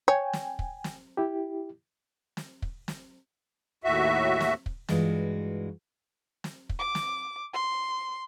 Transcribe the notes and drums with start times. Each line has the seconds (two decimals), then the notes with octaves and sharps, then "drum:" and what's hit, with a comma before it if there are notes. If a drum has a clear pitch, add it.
0.08 C#5 G5 G#5
0.33 drum: snare
0.59 drum: kick
0.84 drum: snare
1.17 E4 G4
2.37 drum: snare
2.62 drum: kick
2.88 drum: snare
3.84 D#2 A2 F#4 E5
4.40 drum: snare
4.66 drum: kick
4.89 G2 E3 G#3 F4 F#4, drum: snare
6.44 drum: snare
6.69 drum: kick
6.79 D6
6.95 drum: snare
7.53 C6